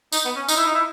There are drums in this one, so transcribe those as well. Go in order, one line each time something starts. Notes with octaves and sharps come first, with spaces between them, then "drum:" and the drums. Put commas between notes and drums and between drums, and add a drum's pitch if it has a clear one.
D#4, drum: tambourine
B3
C#4
D#4, drum: tambourine
E4
D#4
E4